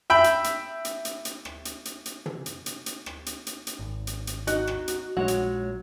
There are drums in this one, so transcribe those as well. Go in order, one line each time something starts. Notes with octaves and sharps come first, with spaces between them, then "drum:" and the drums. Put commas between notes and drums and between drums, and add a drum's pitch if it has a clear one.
E5 G5 B5
drum: hi-hat
drum: hi-hat
drum: hi-hat
drum: hi-hat
drum: hi-hat
drum: rim click
drum: hi-hat
drum: hi-hat
drum: hi-hat
drum: tom
drum: hi-hat
drum: hi-hat
drum: hi-hat
drum: rim click
drum: hi-hat
drum: hi-hat
drum: hi-hat
G#1
drum: hi-hat
drum: hi-hat
D#4 F#4 F#6, drum: hi-hat
drum: rim click
drum: hi-hat
A#1 F#3 G#3 F#4 C#5
drum: hi-hat